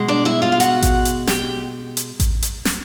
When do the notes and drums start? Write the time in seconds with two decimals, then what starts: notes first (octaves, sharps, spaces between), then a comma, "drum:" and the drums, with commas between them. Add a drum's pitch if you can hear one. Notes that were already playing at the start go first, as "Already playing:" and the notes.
Already playing: B2 G#3
0.08 D4 D5
0.25 E4 E5
0.42 F4 F5
0.52 F5
0.60 F#4 F#5, drum: hi-hat
0.82 drum: kick A1, hi-hat
1.05 drum: hi-hat
1.27 G4 G5, drum: snare
1.97 drum: hi-hat
2.20 drum: kick A1, hi-hat
2.42 drum: hi-hat
2.65 drum: snare